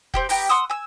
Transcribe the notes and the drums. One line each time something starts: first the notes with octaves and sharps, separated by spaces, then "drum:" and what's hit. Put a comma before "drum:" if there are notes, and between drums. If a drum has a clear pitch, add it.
C4 G4 G5, drum: kick F1
B3 G4 G5 A#5, drum: open hi-hat
F#5 C6 D#6 E6
G#5 E6